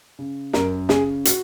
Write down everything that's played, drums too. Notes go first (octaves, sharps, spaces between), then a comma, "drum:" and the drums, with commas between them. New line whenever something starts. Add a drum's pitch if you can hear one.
C#3
F#2 A#4, drum: snare
C#3 G#4, drum: snare
F#4, drum: hi-hat